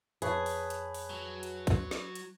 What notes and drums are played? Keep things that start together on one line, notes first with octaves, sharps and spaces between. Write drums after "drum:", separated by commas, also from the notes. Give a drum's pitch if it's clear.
F2 G#4 B4 C#5 A5, drum: hi-hat
drum: open hi-hat
drum: hi-hat
drum: open hi-hat
F#3
drum: hi-hat
drum: kick, hi-hat
drum: snare
drum: hi-hat